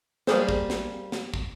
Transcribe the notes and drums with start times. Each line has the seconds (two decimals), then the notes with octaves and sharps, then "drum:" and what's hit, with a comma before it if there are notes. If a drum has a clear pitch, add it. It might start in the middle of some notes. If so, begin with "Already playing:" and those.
0.27 G3 A#3 C#4 G#4 C5, drum: snare
0.49 drum: kick
0.70 drum: snare
1.12 drum: snare
1.34 drum: kick